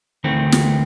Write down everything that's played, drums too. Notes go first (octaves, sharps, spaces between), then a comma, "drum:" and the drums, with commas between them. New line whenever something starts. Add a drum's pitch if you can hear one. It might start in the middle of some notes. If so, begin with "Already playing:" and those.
D2 D#3 E3 A3 C4
drum: snare